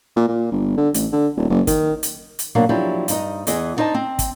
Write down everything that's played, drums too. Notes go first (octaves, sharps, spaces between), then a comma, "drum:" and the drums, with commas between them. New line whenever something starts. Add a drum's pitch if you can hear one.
A#2
A#2
G1
D3
A1, drum: hi-hat
D3
D#1
F#1
D#3, drum: kick, hi-hat
drum: hi-hat
drum: hi-hat
B2 F#3 A#3 D4
F3 F#3 D4 E4 G4
G2 D#4 D#5, drum: hi-hat
E2 E3 G#4 D#5, drum: hi-hat
B3 D4 D#4 C5 D#5 A5
C4
drum: kick, hi-hat